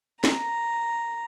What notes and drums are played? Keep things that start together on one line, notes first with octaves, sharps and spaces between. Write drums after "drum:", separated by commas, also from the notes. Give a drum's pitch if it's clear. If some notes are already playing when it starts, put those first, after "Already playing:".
A#5, drum: snare C4